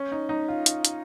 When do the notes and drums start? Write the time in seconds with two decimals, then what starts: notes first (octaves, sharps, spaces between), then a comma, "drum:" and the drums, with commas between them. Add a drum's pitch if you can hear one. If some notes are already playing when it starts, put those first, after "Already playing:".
Already playing: C#4
0.12 D#4
0.29 D#4
0.48 F4
0.66 drum: hi-hat
0.85 drum: hi-hat